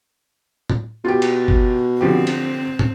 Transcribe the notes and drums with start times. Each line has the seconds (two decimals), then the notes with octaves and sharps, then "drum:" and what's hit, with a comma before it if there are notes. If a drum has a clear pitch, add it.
0.70 drum: tom
1.05 B2 F4 G4
1.22 drum: cymbal
1.48 drum: kick
2.01 D3 F3 C4 G4
2.27 drum: cymbal
2.79 drum: tom